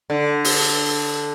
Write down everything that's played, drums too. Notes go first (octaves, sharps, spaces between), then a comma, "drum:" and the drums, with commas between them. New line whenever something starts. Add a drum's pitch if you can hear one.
D3
drum: open hi-hat